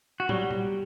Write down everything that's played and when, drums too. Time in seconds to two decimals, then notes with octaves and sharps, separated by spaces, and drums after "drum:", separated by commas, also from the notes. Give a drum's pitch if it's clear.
0.20 F#4
0.29 F#3 G3, drum: tom
0.51 drum: tom A#2